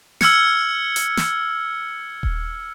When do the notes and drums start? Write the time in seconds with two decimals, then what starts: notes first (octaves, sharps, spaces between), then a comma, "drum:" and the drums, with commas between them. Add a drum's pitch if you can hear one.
0.21 E6 F6 G#6 C#7, drum: snare
0.96 drum: hi-hat
1.17 drum: snare
2.23 drum: kick D#1